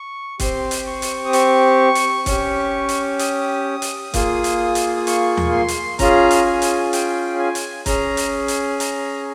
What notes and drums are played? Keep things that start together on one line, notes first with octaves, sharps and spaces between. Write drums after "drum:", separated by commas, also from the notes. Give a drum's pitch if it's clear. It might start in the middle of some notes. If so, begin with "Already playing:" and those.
Already playing: C#6
C4 G4 C6, drum: kick, hi-hat
drum: hi-hat
C#6
drum: hi-hat
D#6
C#6, drum: hi-hat
drum: hi-hat
C#4 G4, drum: kick, hi-hat
drum: hi-hat
D#6, drum: hi-hat
drum: hi-hat
A#3 F4 G#4, drum: kick, hi-hat
drum: hi-hat
drum: hi-hat
D#6
C#6, drum: hi-hat
drum: tom D#2
C6
drum: hi-hat
C#4 F4 G#4 A#5, drum: kick, hi-hat
drum: hi-hat
G#5
drum: hi-hat
G5, drum: hi-hat
G#5
drum: hi-hat
C#4 G#4 A#5, drum: kick, hi-hat
drum: hi-hat
drum: hi-hat
A#5, drum: hi-hat